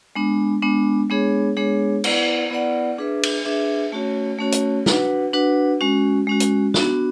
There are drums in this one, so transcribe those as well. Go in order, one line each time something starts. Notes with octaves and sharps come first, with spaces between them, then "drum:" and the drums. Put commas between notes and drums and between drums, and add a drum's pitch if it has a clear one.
G#3 B3 D4
G#3 B3 D4
G#3 B3 D4 G#4 C#5
G#3 B3 D4 G#4 C#5
B3 E4 B4 D5 F#5, drum: cymbal
B3 E4 B4 D5 F#5
D4 G#4 B4 E5
drum: cymbal
D4 G#4 B4 E5
A3 C#4 F#4 C#5
A3 C#4 F#4 C#5
drum: hi-hat
D4 F#4 B4 F#5, drum: snare
D4 F#4 B4 F#5
G#3 C#4 F#4
G#3 C#4 F#4
drum: hi-hat
B3 D4 F#4, drum: snare